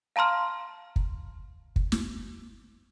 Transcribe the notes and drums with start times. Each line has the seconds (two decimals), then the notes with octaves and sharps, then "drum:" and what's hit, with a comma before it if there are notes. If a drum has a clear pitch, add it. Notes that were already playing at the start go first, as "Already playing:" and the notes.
0.16 F5 A5 A#5 C6 F6
0.96 drum: kick
1.76 drum: kick
1.92 drum: snare